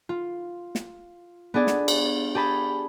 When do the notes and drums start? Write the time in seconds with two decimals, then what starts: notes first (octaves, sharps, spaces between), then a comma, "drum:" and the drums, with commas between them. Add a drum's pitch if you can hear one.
0.09 F4
0.75 drum: snare
1.54 B3 D4 G#4 D5
1.67 drum: snare
1.88 drum: cymbal
2.35 G4 G#4 A5 B5